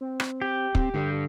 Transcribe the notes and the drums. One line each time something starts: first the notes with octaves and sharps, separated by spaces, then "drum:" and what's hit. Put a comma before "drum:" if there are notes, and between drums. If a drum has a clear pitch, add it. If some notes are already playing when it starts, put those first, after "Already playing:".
C4
drum: rim click
G4
C4, drum: kick
G2 D3